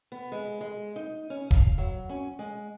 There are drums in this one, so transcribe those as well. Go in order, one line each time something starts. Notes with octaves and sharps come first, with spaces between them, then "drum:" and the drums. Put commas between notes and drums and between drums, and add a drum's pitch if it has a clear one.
B3
G#3
G#3
D#4
C#4
F5, drum: kick
F#3
C#4
G#3